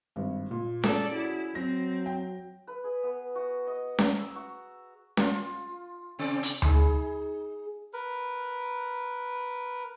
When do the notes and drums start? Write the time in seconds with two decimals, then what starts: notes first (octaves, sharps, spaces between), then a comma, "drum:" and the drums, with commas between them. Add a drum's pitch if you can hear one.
0.16 G#1 G2
0.51 A#2
0.84 C#4 G#4 A4 D5, drum: snare C#4
1.15 E4 F#4
1.55 F#3 C4 A#6
2.06 G5
2.67 B4
2.84 G#4
3.03 B3
3.35 F#4
3.67 D#5
3.99 A#5, drum: snare C#4
4.19 E6
4.36 F#4
5.17 F4, drum: snare C#4
6.19 C3 C4 D5
6.43 drum: hi-hat
6.62 D#4 G#4, drum: tom D2
7.93 A#4 B4